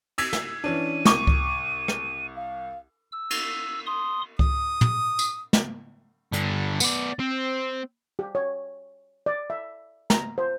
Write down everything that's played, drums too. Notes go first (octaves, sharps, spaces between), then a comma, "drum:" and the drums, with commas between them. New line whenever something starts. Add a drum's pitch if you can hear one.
E6 G#6 B6, drum: cymbal
drum: snare
E3 C#4 D4 D#7
C2 C#6 D6, drum: snare
drum: kick C#2
drum: rim click
F5
E6
drum: cymbal
C6 D#6
D#6, drum: kick C#2
drum: tom
drum: tambourine
drum: snare
G2 D3, drum: hi-hat
B3 D5, drum: tambourine
C4
G4
C#5
D5
E5
A#5, drum: snare
C5